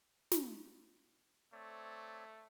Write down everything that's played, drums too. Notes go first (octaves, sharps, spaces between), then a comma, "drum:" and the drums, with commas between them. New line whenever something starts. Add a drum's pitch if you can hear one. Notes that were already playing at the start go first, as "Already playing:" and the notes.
drum: snare
A3 C4 C#5 D5